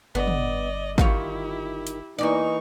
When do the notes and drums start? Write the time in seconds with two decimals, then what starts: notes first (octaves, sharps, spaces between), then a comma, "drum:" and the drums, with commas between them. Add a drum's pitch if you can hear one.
0.15 G1 B3 D5 D#5
0.27 drum: tom
0.98 D#3 E4 F4 G4 C#5, drum: kick
1.87 drum: hi-hat
2.19 E2 G#2 E3 A#3 D#4 D5 C#6